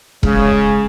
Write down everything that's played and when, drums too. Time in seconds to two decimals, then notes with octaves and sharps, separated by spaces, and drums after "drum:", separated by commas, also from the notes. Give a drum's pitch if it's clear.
0.23 C#3 G#3, drum: kick E1